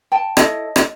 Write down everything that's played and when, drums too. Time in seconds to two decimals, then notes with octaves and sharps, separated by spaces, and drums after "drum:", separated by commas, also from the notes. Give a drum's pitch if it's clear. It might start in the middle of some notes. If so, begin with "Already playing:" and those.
0.12 G5 A5
0.37 E4 A4 C#5 D#5, drum: rim click
0.76 drum: rim click